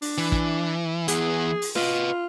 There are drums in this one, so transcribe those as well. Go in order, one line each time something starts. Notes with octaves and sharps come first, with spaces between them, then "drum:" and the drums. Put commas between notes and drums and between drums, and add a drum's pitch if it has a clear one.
D4, drum: open hi-hat
E3
drum: kick
E3 B3 G#4, drum: hi-hat
drum: open hi-hat
F4 B4 D#5, drum: snare